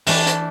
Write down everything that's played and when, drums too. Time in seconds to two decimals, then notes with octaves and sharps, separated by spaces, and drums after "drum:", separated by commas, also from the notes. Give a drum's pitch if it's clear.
0.07 E3 A3 D4, drum: open hi-hat
0.27 drum: hi-hat